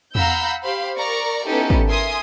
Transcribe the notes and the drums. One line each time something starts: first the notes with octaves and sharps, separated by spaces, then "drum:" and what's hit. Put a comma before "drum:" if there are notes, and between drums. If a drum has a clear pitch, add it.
F5 F#5 A#5 B5 E6 G6, drum: tom E2
G4 C5 F5 B5
A#4 D5 A#5 C#6
B3 C#4 D#4 E4 G4 A4
drum: kick
A#4 E5 G#5 C6 D#6